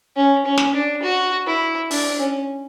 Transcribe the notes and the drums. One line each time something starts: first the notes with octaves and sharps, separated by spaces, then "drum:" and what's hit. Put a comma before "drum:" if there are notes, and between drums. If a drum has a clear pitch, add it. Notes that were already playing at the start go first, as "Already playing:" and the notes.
C#4
C#4
drum: snare
D4
F#4
E4
D4, drum: open hi-hat
C#4